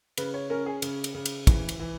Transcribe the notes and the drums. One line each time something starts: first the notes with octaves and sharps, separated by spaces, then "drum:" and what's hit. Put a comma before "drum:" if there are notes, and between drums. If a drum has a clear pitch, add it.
C#3 B4, drum: cymbal
C#5
C#4 A#4
G#4
C#3, drum: cymbal
drum: cymbal
C#3
drum: cymbal
E3, drum: kick, cymbal
drum: cymbal
E3